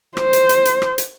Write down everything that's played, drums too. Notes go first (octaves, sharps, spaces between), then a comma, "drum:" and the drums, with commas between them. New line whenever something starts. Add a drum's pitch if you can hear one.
C5, drum: rim click
drum: hi-hat
drum: hi-hat
drum: hi-hat
drum: rim click
drum: hi-hat